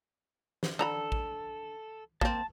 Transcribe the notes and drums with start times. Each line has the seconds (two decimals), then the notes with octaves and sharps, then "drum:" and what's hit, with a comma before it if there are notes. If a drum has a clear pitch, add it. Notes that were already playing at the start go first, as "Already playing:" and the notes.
0.63 drum: snare
0.79 D3 A4 A#5 B5
1.12 drum: kick A1
2.21 A#3 C4 A5, drum: kick A1